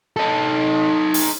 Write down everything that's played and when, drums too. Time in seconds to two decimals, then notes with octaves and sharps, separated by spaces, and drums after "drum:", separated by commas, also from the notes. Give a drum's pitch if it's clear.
0.16 D#4 A4
1.14 drum: open hi-hat